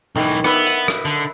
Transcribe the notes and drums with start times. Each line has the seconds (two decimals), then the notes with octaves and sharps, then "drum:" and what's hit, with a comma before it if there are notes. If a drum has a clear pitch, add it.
0.16 B1 D#3 E3
0.44 B3 B4 E5, drum: rim click
0.66 drum: hi-hat
0.88 drum: rim click
1.05 D3